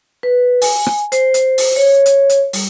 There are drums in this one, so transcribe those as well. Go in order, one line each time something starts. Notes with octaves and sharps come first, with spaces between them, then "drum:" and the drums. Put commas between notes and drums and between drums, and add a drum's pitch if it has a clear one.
B4
G#5, drum: open hi-hat
drum: rim click
C5, drum: hi-hat
drum: hi-hat
drum: open hi-hat
C#5
drum: hi-hat
drum: hi-hat
G3, drum: open hi-hat